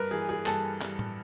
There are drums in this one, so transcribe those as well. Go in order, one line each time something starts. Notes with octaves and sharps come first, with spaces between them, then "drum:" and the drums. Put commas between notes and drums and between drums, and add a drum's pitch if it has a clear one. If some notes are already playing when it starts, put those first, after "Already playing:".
Already playing: G2 A#4 B4
E3 G#4
G#4
G2 A4, drum: clap
G2, drum: clap
drum: tom A2